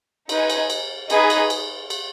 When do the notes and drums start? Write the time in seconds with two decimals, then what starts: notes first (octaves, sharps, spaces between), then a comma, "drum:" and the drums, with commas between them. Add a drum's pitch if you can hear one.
0.29 D#4 B4 G#5, drum: cymbal
0.50 drum: cymbal
0.70 drum: cymbal
1.10 D#4 G#4 B4, drum: cymbal
1.30 drum: cymbal
1.50 drum: cymbal
1.90 drum: cymbal